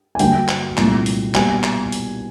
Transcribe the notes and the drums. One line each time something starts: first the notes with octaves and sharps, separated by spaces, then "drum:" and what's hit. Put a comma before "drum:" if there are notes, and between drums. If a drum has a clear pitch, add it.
G#5
G2 D3 F#3 A#3 G5, drum: open hi-hat
drum: clap
C2 A#2 F#3 A3, drum: clap
drum: open hi-hat
B2 G3 A#3 G#5, drum: clap
drum: clap
drum: open hi-hat